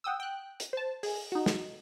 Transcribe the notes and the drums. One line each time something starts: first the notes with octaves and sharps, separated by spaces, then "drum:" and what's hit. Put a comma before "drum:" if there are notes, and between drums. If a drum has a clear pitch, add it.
F#5 G5 D#6 E6
G5 F#6
drum: hi-hat
C5 A5
G#4, drum: open hi-hat
D#4 F#4
drum: snare